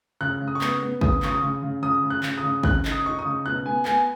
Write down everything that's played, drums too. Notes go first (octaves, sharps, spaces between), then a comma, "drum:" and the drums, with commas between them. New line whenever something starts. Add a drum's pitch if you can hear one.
C#3 F#6
C#3
D#6
C#6
B3 D#6, drum: clap
B3
C#3 D#6, drum: kick
C#3 C#6, drum: clap
D#6
C#3
C#3
C#3 D#6
C#3
F#6
C#3, drum: clap
D#6
C#3
C#3 F#6, drum: kick
D#4, drum: clap
D#6
D#4 C#6
D#6
C#3
B2 F#6
B3 G#5
B3 G#5, drum: clap